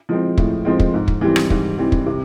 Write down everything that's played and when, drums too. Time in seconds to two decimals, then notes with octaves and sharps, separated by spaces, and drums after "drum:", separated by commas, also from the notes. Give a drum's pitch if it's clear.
0.09 F3 G#3 C4
0.38 A2, drum: kick
0.65 F3 G#3 C4
0.80 drum: kick
0.94 G#2
1.08 drum: kick
1.21 E3 G3 C4
1.36 drum: rim click
1.50 G#2, drum: kick
1.78 E3 G3 C4
1.92 drum: kick
2.06 C3